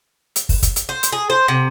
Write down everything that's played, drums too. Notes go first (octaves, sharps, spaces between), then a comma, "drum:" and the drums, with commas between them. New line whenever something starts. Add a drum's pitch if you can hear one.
drum: hi-hat
drum: kick, open hi-hat
drum: kick, hi-hat
drum: hi-hat
C5
drum: hi-hat
G#4
C5
C3